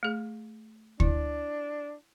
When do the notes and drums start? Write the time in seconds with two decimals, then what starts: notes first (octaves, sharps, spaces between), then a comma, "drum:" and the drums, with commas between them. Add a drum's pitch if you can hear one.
0.03 A3 G#4
1.00 D4 E4, drum: kick D2